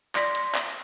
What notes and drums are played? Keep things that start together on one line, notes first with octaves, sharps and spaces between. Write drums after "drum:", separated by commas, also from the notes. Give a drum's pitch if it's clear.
D5 C6 A#6 B6, drum: clap
drum: hi-hat
drum: clap